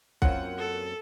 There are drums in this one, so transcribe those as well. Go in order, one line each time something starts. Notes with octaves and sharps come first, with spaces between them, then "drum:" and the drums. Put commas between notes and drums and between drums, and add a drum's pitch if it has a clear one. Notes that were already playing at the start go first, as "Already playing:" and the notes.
F#2 A#3 C4 C#4 F4 F#5, drum: kick
A4